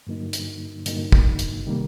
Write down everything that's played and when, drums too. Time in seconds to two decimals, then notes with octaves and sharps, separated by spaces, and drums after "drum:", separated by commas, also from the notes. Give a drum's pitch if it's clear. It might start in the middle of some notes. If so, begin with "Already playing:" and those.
0.07 G2 D3 F#3 A#3 D#4
0.33 drum: hi-hat
0.86 G2 D3 F#3 A#3 D#4, drum: hi-hat
1.12 drum: kick
1.39 drum: hi-hat
1.66 C3 D#3 G3 A#3